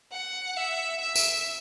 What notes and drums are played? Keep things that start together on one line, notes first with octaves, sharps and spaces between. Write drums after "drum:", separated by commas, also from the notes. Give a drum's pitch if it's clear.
F#5
E5
E5
drum: tambourine